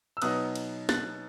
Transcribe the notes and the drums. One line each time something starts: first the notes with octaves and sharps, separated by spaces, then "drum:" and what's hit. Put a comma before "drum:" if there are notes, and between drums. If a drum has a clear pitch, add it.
E6
B2 F#3 B3 D#4 D#6 F#6, drum: cymbal
drum: cymbal
F#6 A6, drum: snare